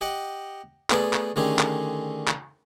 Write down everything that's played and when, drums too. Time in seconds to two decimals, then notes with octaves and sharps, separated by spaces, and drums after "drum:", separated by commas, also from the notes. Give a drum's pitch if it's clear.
0.01 G4 D#5 F#5 G5
0.90 A3 B3 G#4 B4 D5, drum: clap
1.13 drum: clap
1.36 D3 D#3 A3 C#4 G4 G#4
1.59 drum: clap
2.28 drum: clap